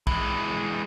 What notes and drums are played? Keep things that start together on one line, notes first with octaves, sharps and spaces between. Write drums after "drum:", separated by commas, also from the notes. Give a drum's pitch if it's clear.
E3 G#3, drum: kick A#1